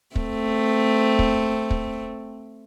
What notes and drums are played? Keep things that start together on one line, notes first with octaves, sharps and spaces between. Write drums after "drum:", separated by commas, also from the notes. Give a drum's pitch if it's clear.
A3 C4, drum: kick
drum: kick
drum: kick